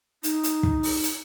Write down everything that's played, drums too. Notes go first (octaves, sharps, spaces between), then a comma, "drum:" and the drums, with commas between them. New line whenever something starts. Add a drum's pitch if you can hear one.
D#4, drum: hi-hat
drum: hi-hat
drum: kick
drum: open hi-hat
drum: hi-hat